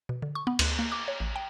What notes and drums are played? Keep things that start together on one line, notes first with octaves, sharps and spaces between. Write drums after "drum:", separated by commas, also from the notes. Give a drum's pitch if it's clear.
B2
D3
C#6
B3
D2, drum: cymbal
A#3
D6
C#5
A1
G5